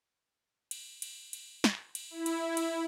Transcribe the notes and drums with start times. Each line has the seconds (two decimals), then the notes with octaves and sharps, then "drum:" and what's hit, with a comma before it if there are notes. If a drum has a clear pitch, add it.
0.71 drum: cymbal
1.02 drum: cymbal
1.33 drum: cymbal
1.64 drum: snare
1.95 drum: cymbal
2.11 E4
2.26 drum: cymbal
2.57 drum: cymbal